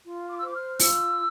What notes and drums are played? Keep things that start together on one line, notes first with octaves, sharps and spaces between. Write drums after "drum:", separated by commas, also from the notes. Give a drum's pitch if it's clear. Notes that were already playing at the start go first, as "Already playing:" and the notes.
F4
D6
E6
C5 D6
F6
F4 E6, drum: open hi-hat